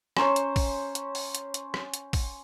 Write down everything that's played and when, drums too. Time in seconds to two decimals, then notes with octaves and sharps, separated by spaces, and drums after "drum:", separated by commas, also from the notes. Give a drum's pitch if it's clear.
0.17 C#4 C5 C#5 A#5 C#6 E7, drum: rim click
0.36 drum: hi-hat
0.56 drum: kick A1, open hi-hat
0.95 drum: hi-hat
1.15 drum: open hi-hat
1.35 drum: hi-hat
1.54 drum: hi-hat
1.74 drum: rim click
1.94 drum: hi-hat
2.13 drum: kick A1, open hi-hat